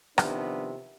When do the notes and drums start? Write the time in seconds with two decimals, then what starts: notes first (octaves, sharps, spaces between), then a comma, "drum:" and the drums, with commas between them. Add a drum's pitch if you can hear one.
0.18 C3 D#3 F3 B3 D4, drum: rim click